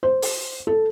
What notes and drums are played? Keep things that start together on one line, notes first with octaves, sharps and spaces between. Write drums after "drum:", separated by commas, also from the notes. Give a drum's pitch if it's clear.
C5
drum: open hi-hat
A4